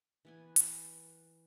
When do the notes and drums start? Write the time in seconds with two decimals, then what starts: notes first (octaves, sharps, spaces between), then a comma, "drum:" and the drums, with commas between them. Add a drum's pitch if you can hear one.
0.25 E3 B3 G#5
0.56 drum: hi-hat